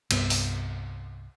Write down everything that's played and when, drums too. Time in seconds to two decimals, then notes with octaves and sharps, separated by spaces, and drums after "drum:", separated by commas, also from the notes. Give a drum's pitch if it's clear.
0.11 C2 G2 B3, drum: cymbal
0.30 drum: open hi-hat